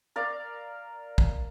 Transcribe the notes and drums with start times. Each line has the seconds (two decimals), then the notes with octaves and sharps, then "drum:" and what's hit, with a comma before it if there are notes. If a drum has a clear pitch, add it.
0.16 A#4 D5 F5
1.18 drum: kick